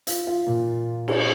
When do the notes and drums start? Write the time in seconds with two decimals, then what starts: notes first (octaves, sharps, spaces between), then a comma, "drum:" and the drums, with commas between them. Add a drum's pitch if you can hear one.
0.07 F4, drum: hi-hat
0.27 F4
0.47 A#2
1.08 drum: cymbal